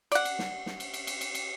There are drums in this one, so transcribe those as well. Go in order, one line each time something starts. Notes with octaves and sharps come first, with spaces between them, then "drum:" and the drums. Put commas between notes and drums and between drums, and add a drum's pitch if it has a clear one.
D5 F#5, drum: cymbal
drum: cymbal
drum: snare
drum: snare
drum: cymbal
drum: cymbal
drum: cymbal
drum: cymbal
drum: cymbal